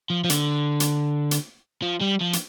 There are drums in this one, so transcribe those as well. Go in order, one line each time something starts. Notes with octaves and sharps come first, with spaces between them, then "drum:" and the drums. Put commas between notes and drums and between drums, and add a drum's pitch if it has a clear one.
F3
F3
D3, drum: hi-hat
drum: hi-hat
drum: hi-hat
F3
G3
F3
drum: hi-hat